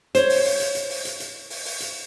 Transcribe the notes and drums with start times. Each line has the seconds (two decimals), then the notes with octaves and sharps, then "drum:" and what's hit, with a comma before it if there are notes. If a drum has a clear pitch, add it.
0.15 C5 C#5, drum: hi-hat
0.30 drum: open hi-hat
0.45 drum: open hi-hat
0.60 drum: hi-hat
0.75 drum: hi-hat
0.90 drum: open hi-hat
1.05 drum: hi-hat
1.20 drum: hi-hat
1.50 drum: open hi-hat
1.65 drum: open hi-hat
1.80 drum: hi-hat